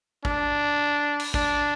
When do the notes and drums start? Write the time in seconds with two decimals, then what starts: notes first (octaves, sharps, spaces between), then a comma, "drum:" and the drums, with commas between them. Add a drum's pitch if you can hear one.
0.25 D4, drum: kick
1.20 drum: cymbal
1.34 D4, drum: kick